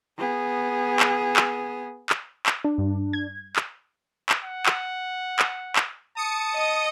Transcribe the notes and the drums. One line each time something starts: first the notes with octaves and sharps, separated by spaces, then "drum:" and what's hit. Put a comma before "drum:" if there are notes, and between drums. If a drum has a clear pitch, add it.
B3 G#4
drum: clap
drum: clap
drum: clap
drum: clap
D4
G2
G#6
drum: clap
drum: clap
F#5
drum: clap
drum: clap
drum: clap
A5 D#6 C#7
D#5